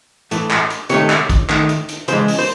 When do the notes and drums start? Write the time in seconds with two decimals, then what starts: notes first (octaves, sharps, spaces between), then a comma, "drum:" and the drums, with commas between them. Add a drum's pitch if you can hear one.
0.31 A2 E3 A3, drum: hi-hat
0.51 drum: clap
0.70 drum: hi-hat
0.89 C3 D#3 A3 C#5, drum: hi-hat
1.10 drum: clap
1.30 drum: kick, hi-hat
1.50 D#3 A3, drum: clap
1.69 drum: hi-hat
1.89 drum: hi-hat
2.08 C#3 E3 G#3 C5, drum: hi-hat
2.28 drum: open hi-hat
2.39 C5